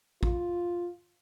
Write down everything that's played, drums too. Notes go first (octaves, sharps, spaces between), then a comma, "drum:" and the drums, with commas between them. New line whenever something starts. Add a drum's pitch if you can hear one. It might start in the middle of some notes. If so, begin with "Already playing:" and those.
F4, drum: kick